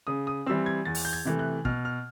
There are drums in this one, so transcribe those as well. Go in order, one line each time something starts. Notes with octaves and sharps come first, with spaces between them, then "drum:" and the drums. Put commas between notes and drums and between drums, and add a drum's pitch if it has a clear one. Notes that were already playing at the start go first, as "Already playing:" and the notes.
C#3 D#6
D#6
E3 G3 C4 E6
G#6
E2 A6
drum: open hi-hat
G6
G#6
C3 E3 A3
F#6
B2 F6, drum: kick
F6